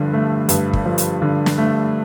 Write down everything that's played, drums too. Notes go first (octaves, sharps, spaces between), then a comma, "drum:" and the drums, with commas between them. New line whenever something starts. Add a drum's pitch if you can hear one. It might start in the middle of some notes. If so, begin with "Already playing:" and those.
Already playing: G2 D3 F3
A3
G2, drum: hi-hat
drum: kick
F3
drum: hi-hat
D3
drum: snare
A3